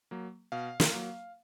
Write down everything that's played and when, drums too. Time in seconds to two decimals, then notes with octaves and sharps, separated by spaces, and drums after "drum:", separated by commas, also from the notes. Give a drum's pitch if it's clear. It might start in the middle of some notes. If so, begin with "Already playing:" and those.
0.11 F#3 A#3
0.52 B2 F5
0.80 drum: snare
0.93 F#3 A#3